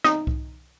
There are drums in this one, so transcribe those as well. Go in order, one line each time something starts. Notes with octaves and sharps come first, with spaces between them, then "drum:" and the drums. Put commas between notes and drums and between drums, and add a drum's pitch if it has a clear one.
D#4, drum: snare
drum: kick C2